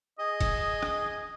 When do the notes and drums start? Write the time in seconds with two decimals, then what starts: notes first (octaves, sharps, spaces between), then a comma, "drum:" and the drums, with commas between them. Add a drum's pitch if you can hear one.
0.19 G#4 D#5
0.40 drum: kick, cymbal
0.83 drum: rim click